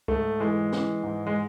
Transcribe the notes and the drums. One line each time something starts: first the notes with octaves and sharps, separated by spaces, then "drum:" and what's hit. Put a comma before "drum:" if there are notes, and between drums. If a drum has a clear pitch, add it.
G#2 A3, drum: kick
E3 G#3
E3, drum: snare
G#2
G#3